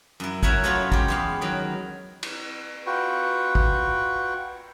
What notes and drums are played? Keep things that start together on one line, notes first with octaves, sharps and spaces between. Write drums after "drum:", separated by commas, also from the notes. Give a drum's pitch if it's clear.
F#2 E4
C#4 E4 A#4 E5 F#5 G#5, drum: kick
F#3 A3 B3 C#4 F4 F#4
G#3 G4, drum: kick
E2 B3 F5
D#3 F#3
drum: cymbal
F4 F#4 B4 G5 C#6
drum: kick